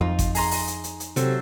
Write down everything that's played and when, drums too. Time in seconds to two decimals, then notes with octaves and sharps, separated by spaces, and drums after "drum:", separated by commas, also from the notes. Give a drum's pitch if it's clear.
0.01 F2 D#4 F4
0.19 drum: kick G1, hi-hat
0.35 G#4 A#5 C6, drum: open hi-hat
0.51 drum: open hi-hat
0.67 drum: hi-hat
0.84 drum: hi-hat
1.00 drum: hi-hat
1.16 C3 F#3 A4 C5, drum: hi-hat